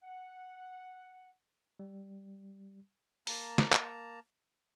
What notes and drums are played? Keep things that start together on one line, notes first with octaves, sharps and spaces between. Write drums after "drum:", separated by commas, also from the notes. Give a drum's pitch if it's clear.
F#5
G3
A#3 A5 A#5, drum: open hi-hat
drum: snare
drum: clap